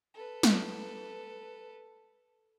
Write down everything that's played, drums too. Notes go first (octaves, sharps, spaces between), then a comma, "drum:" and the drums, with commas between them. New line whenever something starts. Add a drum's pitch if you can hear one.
A4 B4
drum: snare